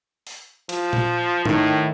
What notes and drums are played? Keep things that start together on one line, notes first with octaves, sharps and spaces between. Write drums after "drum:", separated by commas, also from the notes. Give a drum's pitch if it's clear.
drum: open hi-hat
F3, drum: cymbal
drum: tom A#2
A2 D#3, drum: tom G#2